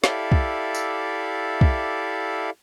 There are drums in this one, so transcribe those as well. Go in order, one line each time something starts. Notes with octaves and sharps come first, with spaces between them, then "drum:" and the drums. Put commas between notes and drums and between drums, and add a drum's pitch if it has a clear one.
E4 G4 A4 D5 E5 F5, drum: snare
drum: kick
drum: tambourine
drum: kick